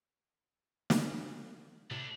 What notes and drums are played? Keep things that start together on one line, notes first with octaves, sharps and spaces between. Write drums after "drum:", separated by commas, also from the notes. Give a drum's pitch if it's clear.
drum: snare
A2 C3 A3 D4